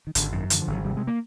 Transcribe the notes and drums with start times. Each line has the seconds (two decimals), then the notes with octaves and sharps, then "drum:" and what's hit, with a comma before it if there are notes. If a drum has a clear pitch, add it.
0.07 D#3
0.15 G#1 D3, drum: hi-hat
0.32 F#2 D#3
0.50 D3 E3, drum: hi-hat
0.62 F3
0.67 G#1
0.73 F#3
0.85 C3 G3
0.97 G#3
1.07 A#3